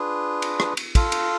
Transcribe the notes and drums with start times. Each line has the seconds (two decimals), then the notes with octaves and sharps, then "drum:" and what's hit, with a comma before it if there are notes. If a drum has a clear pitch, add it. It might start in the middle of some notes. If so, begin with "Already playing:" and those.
Already playing: D4 F4 G#4 B4
0.42 drum: cymbal
0.60 drum: rim click
0.77 drum: cymbal
0.95 F4 A4 F5, drum: kick, cymbal
1.12 drum: cymbal